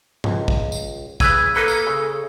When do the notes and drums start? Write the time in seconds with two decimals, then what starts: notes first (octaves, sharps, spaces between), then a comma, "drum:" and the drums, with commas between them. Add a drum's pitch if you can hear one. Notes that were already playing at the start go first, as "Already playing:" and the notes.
0.24 C#2, drum: tom G#2
0.48 drum: kick
0.72 drum: tambourine
1.20 C#3 B4 E6 G#6 D#7, drum: kick, tambourine
1.56 A#3 A4 B4
1.68 drum: tambourine
1.87 C#3